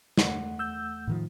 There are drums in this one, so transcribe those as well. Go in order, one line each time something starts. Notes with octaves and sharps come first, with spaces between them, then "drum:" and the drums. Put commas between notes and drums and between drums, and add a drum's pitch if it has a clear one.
E2 A3 F#5, drum: snare
E6 G6
A2 D#3 F3